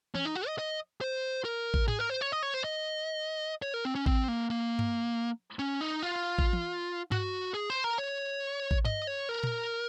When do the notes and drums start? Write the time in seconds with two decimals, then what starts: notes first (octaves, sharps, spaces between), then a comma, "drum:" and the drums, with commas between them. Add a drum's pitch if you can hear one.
0.15 C#4, drum: tom E3
0.25 D#4
0.35 F#4
0.47 D#5
0.58 D#5
1.01 C5
1.45 A#4
1.74 drum: kick A1
1.88 G#4, drum: tom G#2
1.99 A#4
2.10 C5
2.21 C#5
2.32 D#5
2.43 C#5
2.54 C5
2.64 D#5
3.62 C#5
3.74 A#4
3.85 C4
3.95 C#4
4.06 C4, drum: kick A1
4.28 A#3
4.50 A#3
4.79 drum: tom G2
5.59 C#4
5.81 D#4
6.03 F4
6.39 drum: kick A1
6.53 drum: tom E3
7.12 F#4, drum: tom G2
7.54 G#4
7.70 C5
7.84 A#4
7.98 C#5
8.71 drum: kick A1
8.85 D#5, drum: tom G2
9.07 C#5
9.29 A#4
9.44 drum: tom A#2